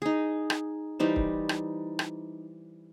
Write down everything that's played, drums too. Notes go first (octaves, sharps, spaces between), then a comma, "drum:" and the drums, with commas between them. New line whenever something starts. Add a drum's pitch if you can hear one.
D#4 G#4
drum: rim click
E3 G3 D#4 C5
drum: kick
drum: rim click
drum: rim click